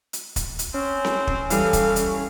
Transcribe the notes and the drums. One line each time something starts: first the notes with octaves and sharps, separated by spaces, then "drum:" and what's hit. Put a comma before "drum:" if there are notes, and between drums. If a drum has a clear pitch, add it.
drum: hi-hat
drum: kick, hi-hat
drum: hi-hat
C4 C#4
drum: snare C4
drum: kick
E3 G3 A4 F5, drum: hi-hat
drum: kick, hi-hat
drum: hi-hat